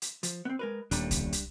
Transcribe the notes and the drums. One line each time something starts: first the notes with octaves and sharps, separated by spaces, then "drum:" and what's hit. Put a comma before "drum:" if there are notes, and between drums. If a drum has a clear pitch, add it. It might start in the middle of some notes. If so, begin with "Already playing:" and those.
drum: hi-hat
F3, drum: hi-hat
B3 C4
G#3 A#4 B4
D#1 A2 G3 D4, drum: hi-hat
drum: kick C2, hi-hat
drum: hi-hat